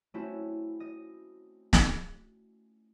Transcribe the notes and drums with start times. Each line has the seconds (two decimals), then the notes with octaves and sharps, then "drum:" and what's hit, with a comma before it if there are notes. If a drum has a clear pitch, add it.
0.14 A3 C4 C#4 E4 F#4
0.80 D#5
1.73 drum: snare